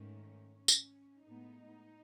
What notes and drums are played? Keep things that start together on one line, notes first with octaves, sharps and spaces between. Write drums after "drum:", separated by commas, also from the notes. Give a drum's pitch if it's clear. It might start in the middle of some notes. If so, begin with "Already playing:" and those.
Already playing: G#2 D#3 A3 C#4
C#4
drum: tambourine
A2 G#3 B3 D#4